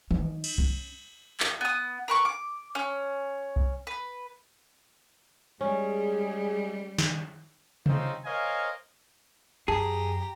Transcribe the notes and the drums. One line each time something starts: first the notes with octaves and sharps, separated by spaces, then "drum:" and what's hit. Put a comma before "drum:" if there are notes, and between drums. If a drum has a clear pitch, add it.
D#4, drum: tom D#3
drum: cymbal
C#4, drum: kick C2
drum: clap
B3 D#6
A#4 B4 C#6
D6
C#4
drum: kick C2
B4
G3 G#3 C#4 G#4
drum: snare
C4 C#4 D#4 F4 C5, drum: tom C3
A#4 C5 C#5 D#5 F5 G#5
F#2 G4 G#4 A5 A#5